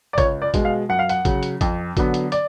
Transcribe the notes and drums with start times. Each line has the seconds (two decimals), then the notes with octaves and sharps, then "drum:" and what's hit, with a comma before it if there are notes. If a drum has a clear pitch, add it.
0.13 D5
0.18 C#2 C#5, drum: kick, hi-hat
0.42 D5
0.54 B2 G#3, drum: kick, hi-hat
0.65 F5
0.89 F#2 F#5
0.99 F5
1.09 F#5, drum: hi-hat
1.25 C#3 F#3, drum: kick, hi-hat
1.43 drum: hi-hat
1.61 F2, drum: kick, hi-hat
1.97 D3 F#3 B3, drum: kick, hi-hat
2.14 drum: hi-hat
2.32 D5, drum: hi-hat